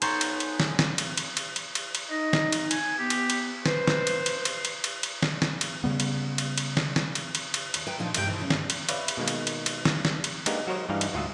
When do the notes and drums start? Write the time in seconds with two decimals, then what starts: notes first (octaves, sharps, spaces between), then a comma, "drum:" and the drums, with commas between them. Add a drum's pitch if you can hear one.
0.02 B3 D#4 F#4 G#4 A4 C5 C#5 A#5, drum: cymbal
0.21 drum: cymbal
0.40 drum: cymbal
0.60 drum: snare
0.79 drum: snare
0.98 drum: cymbal
1.17 drum: cymbal
1.37 drum: cymbal
1.56 drum: cymbal
1.75 drum: cymbal
1.95 drum: cymbal
2.10 D#4 D#5
2.33 drum: snare
2.52 drum: cymbal
2.71 G#5, drum: cymbal
2.99 B3 G4
3.10 drum: cymbal
3.30 drum: cymbal
3.66 B4 C5, drum: snare
3.88 drum: snare
4.07 drum: cymbal
4.26 drum: cymbal
4.45 drum: cymbal
4.65 drum: cymbal
4.84 drum: cymbal
5.03 drum: cymbal
5.23 drum: snare
5.42 drum: snare
5.61 drum: cymbal
5.84 C#3 G3 B3
6.00 drum: cymbal
6.38 drum: cymbal
6.58 drum: cymbal
6.77 drum: snare
6.96 drum: snare
7.15 drum: cymbal
7.35 drum: cymbal
7.54 drum: cymbal
7.74 D#2, drum: cymbal
7.87 B4 E5 G5 A#5
7.98 A#2 F3 D4 D#4 F4
8.14 E2 G2 C3 G#3 F#4 G5, drum: cymbal
8.28 B2 D#3 E3 C4
8.41 C#4
8.50 drum: snare
8.70 drum: cymbal
8.89 B4 C#5 D5 E5 F5, drum: cymbal
9.08 drum: cymbal
9.17 B2 D#3 G#3 A#3
9.28 drum: cymbal
9.47 drum: cymbal
9.66 drum: cymbal
9.85 drum: snare
10.05 drum: snare
10.24 drum: cymbal
10.46 G#3 A#3 B3 D4 D#4 G4, drum: cymbal
10.67 F#3 F#4 A#4 C5 C#5 D#5
10.89 G2 E3 G3 D#4 G#4 F5
11.01 drum: cymbal
11.14 D2 G#2 F4 F#4 G#4 E5